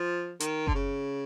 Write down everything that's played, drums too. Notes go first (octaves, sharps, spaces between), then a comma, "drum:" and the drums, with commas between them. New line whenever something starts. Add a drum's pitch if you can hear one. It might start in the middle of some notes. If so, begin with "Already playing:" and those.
Already playing: F3
D#3, drum: hi-hat
D3, drum: kick F#1
C#3